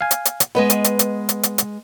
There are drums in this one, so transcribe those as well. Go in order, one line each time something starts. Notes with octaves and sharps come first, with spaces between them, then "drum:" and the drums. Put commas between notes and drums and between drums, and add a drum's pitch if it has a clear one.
F5 G#5
drum: hi-hat
drum: hi-hat
drum: hi-hat
G#3 B3 B4 D#5
drum: hi-hat
drum: hi-hat
drum: hi-hat
drum: hi-hat
drum: hi-hat
drum: hi-hat